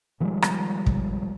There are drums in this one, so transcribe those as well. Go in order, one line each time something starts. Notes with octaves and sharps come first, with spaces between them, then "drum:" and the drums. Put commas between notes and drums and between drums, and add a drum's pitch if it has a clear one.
D#3 F3 G3 G#3
drum: rim click
drum: kick